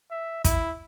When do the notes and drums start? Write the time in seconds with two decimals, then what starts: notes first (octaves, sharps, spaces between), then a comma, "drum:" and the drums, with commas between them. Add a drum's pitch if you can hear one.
0.11 E5
0.45 E4, drum: kick, hi-hat